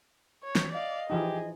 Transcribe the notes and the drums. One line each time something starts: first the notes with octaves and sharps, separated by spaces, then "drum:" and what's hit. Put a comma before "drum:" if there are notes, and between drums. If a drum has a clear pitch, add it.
C#5
drum: snare
D5 D#5 F5
E3 F3 D#4 G4 G#4